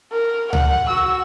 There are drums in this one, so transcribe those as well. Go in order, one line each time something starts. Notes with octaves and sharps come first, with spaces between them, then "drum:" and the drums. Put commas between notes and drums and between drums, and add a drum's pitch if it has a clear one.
A#4
F#5, drum: tom C#2
F#4 E6